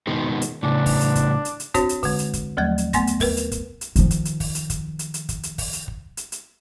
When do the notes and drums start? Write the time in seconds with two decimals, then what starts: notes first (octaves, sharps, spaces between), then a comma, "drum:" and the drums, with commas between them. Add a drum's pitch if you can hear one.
0.07 B2 D#3 G#3
0.42 drum: hi-hat
0.63 A2 C#3 D4
0.86 drum: kick, open hi-hat
1.01 drum: hi-hat
1.15 drum: kick, hi-hat
1.45 drum: hi-hat
1.60 drum: hi-hat
1.74 C4 D4 F#4 C5 C#5, drum: kick, hi-hat
1.89 drum: hi-hat
2.03 D3 G#3, drum: kick, open hi-hat
2.19 drum: hi-hat
2.33 drum: kick, hi-hat
2.57 D#2 F3 F#3 A3 G#6
2.78 drum: hi-hat
2.93 A3 B3 G#5 C6 A#6, drum: kick, hi-hat
3.07 drum: hi-hat
3.20 D#2 A#4 B4, drum: kick, open hi-hat
3.37 drum: hi-hat
3.52 drum: kick, hi-hat
3.81 drum: hi-hat
3.96 D#3 F3, drum: hi-hat
4.11 drum: kick, hi-hat
4.25 drum: hi-hat
4.40 drum: kick, open hi-hat
4.55 drum: hi-hat
4.70 drum: kick, hi-hat
4.99 drum: hi-hat
5.14 drum: hi-hat
5.29 drum: kick, hi-hat
5.43 drum: hi-hat
5.58 drum: kick, open hi-hat
5.73 drum: hi-hat
5.88 drum: kick
6.17 drum: hi-hat
6.32 drum: hi-hat